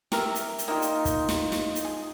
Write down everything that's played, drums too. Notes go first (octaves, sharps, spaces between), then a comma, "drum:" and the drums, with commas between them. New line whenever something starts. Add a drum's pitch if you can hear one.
G4 A#4 E5, drum: snare
drum: hi-hat
drum: hi-hat
A#3 D#4 F4 G4
drum: hi-hat
drum: kick, hi-hat
drum: snare
drum: snare
drum: hi-hat
G#4